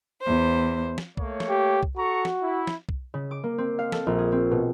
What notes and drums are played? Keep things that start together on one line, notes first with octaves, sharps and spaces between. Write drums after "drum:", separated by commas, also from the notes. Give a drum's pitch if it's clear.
E2 C5
drum: snare
A3 A#3 C#5, drum: kick
drum: snare
G4
drum: kick
F#4 A4 A#5 C#6
drum: snare
E4
drum: snare
drum: kick
C#3
D6
A#3
C4
F5
A4, drum: snare
A#1
G#4
C4
B2